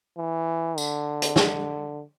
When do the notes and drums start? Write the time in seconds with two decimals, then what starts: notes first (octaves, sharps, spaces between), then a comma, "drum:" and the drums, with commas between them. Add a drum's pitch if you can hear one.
0.18 E3
0.78 D3, drum: tambourine
1.22 drum: hi-hat
1.36 drum: snare